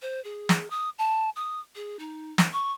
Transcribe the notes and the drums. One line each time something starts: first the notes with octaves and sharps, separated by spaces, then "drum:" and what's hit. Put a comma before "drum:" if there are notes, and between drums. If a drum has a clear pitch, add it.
C5
G#4
drum: snare
D#6
A5
D#6
G#4
D#4
drum: snare
C#6